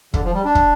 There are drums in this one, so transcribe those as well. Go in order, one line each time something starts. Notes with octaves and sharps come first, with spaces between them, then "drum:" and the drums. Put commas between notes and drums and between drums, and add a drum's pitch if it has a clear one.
D3, drum: kick
F3
G3
D4
drum: kick